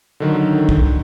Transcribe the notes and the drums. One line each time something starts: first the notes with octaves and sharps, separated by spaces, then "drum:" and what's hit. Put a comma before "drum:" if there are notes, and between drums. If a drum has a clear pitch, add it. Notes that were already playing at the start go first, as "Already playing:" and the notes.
D3 D#3 F#3
drum: kick